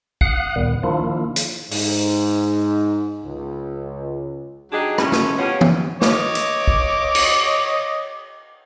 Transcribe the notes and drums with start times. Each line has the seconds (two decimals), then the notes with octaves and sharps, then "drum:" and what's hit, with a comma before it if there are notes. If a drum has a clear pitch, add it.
0.21 F5 F#5 D#6 F#6, drum: kick
0.56 D2 A#2 D#3 G3 B3
0.83 D#3 F3 A#3 D4 E4 F4
1.36 drum: hi-hat
1.71 G#2, drum: open hi-hat
3.24 C#2
4.72 F#3 D4 D#4 G4 G#4
4.98 A2 G#3 C#4, drum: rim click
5.12 drum: snare
5.38 F3 B3 C#4 F4 G4 C#5
5.61 drum: tom E3
6.01 C#5 D#5 D6, drum: snare
6.35 drum: hi-hat
6.68 drum: kick
7.15 drum: cymbal